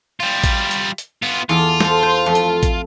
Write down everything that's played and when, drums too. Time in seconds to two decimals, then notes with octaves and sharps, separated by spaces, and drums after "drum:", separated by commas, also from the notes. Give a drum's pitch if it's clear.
0.20 G3 F4
0.44 drum: kick A1, hi-hat
0.71 drum: hi-hat
0.98 drum: hi-hat
1.22 B3 F4
1.49 E2 F4 A4 D5
1.80 A4 C5, drum: snare
2.03 C5
2.26 F2 A3
2.35 drum: hi-hat
2.63 drum: kick A1, hi-hat